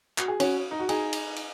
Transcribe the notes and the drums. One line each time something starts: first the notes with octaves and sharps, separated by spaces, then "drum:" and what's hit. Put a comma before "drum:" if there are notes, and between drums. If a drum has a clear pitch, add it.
F#4, drum: clap
G#4
C#4 F#4, drum: cymbal
D#4
F#4
D#4 G#4, drum: cymbal
drum: cymbal
drum: cymbal